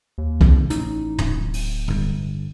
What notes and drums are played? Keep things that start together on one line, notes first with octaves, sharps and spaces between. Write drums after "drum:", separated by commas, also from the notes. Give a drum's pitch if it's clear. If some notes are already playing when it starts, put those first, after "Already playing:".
D#2
C3 D#3 G#3, drum: kick C2
A1 D#4, drum: hi-hat
D1, drum: tom
drum: open hi-hat
G1 G2